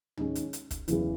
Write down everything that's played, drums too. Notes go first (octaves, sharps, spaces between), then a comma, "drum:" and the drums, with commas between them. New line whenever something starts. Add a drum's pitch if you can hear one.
D#3 G#3 C#4, drum: tom
drum: hi-hat
drum: hi-hat
drum: kick, hi-hat
E2 C#3 E3, drum: hi-hat